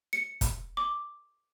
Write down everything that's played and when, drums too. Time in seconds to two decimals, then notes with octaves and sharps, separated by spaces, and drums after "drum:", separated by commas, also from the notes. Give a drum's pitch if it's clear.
0.13 C#7
0.41 drum: kick, hi-hat
0.77 D6